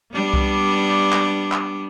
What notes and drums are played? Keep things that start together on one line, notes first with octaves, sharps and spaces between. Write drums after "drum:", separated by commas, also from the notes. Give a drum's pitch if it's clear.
G3 B3 D4
drum: kick C2
drum: clap
drum: clap